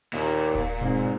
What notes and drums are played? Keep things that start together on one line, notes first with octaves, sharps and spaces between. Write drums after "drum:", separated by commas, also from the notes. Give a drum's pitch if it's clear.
D#2 A#2, drum: hi-hat
drum: hi-hat
drum: kick D#1
G#2 B2 C4
drum: hi-hat